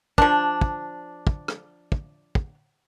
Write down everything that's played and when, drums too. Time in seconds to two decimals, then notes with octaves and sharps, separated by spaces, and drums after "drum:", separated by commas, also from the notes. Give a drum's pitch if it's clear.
0.18 F3 D4, drum: kick
0.61 drum: kick
1.27 drum: kick
1.48 drum: rim click
1.92 drum: kick
2.35 drum: kick